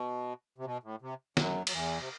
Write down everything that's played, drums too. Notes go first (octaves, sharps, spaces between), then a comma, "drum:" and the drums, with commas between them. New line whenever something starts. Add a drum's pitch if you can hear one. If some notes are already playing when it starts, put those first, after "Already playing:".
Already playing: B2
C3
B2
A2
C3
F#2 F#3, drum: snare
F#3, drum: cymbal
E2 E3
C3